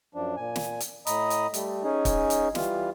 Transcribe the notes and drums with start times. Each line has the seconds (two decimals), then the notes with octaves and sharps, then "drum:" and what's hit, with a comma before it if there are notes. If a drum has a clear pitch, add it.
0.15 F#2 F3 D4
0.37 A#2 G#5
0.56 drum: snare
0.80 drum: hi-hat
1.07 A2 D#5 A#5 B5 D#6, drum: hi-hat
1.30 drum: hi-hat
1.54 G3 A3, drum: hi-hat
1.84 C#4 D#4 G#4
2.05 drum: kick, hi-hat
2.30 drum: hi-hat
2.55 E3 G3 F4, drum: snare